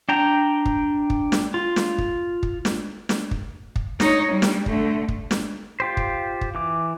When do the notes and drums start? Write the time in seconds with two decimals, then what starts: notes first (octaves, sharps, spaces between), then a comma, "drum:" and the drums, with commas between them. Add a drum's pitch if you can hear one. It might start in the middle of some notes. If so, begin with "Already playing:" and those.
0.09 D4 G5 A#5
0.65 drum: kick
1.10 drum: kick
1.32 drum: snare
1.54 F4
1.76 drum: snare
1.98 drum: kick
2.43 drum: kick
2.65 drum: snare
3.09 drum: snare
3.31 drum: kick
3.76 drum: kick
4.00 D#4 C#5, drum: snare
4.32 G3
4.42 drum: snare
4.66 D3 A3, drum: kick
5.08 drum: kick
5.31 drum: snare
5.80 F4 G4 C5
5.97 drum: kick
6.41 drum: kick
6.55 E3 D6